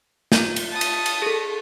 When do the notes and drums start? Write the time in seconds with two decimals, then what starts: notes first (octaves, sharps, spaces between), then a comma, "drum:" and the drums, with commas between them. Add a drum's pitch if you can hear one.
0.32 F4, drum: snare
0.56 drum: cymbal
0.70 A5 D#6
0.81 drum: cymbal
1.06 drum: cymbal
1.22 G#4 A4